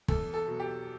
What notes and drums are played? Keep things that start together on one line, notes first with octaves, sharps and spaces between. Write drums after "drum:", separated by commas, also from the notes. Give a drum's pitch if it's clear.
E2 A4, drum: kick
A4
B2 F#3
G4